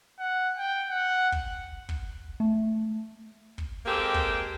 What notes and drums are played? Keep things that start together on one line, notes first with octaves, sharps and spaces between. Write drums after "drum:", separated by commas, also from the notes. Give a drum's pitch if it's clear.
F#5
G5
F#5
drum: kick
drum: kick
A3
drum: kick
G#3 A#3 C4 G4 A4
drum: kick